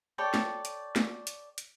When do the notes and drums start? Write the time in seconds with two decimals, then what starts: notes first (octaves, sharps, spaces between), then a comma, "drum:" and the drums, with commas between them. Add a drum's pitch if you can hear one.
0.18 A4 C#5 D5 G5
0.34 drum: snare
0.65 drum: hi-hat
0.96 drum: snare
1.27 drum: hi-hat
1.58 drum: hi-hat